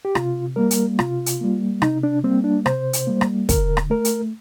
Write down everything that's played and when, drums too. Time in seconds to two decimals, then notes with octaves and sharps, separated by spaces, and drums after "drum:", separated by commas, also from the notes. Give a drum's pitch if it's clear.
0.05 G4
0.15 C3 F4, drum: rim click
0.56 G3 A#3 A#4
0.71 drum: hi-hat
0.99 C3 F4, drum: rim click
1.26 drum: hi-hat
1.41 G3 A#3
1.82 C3 D#4, drum: rim click
2.03 D4
2.24 G3 A#3 C4
2.44 D4
2.66 C3 C5, drum: rim click
2.93 drum: hi-hat
3.07 G3 A#3
3.21 drum: rim click
3.49 D3 A#4, drum: kick, hi-hat
3.77 drum: rim click
3.90 A3 A#4
4.05 drum: hi-hat